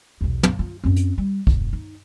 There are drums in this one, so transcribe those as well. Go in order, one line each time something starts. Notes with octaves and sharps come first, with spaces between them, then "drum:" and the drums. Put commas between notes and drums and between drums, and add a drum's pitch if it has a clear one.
B1 E2
drum: tom
F4
F#2 C4
drum: hi-hat
G3
E1, drum: kick
D#4